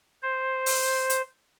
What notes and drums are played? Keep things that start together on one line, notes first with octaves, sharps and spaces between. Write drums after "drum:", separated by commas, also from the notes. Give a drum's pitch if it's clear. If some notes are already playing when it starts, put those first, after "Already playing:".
C5
drum: open hi-hat
drum: hi-hat